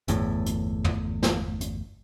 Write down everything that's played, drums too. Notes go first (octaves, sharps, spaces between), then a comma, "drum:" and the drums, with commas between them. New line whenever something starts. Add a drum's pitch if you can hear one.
G1 E2 A2, drum: hi-hat
drum: hi-hat
drum: tom
drum: snare
drum: hi-hat